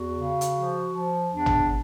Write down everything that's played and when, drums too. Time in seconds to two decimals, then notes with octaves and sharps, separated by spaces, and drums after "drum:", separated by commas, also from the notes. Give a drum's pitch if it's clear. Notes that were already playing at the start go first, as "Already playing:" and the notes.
Already playing: E2 F#4
0.15 C#3
0.41 drum: hi-hat
0.55 F3
0.93 F3
1.33 E2 D4
1.46 drum: tom G#1